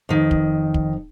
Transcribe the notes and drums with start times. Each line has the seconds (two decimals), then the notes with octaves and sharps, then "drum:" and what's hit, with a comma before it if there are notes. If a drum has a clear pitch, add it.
0.09 F2 D#3
0.31 drum: kick
0.74 drum: kick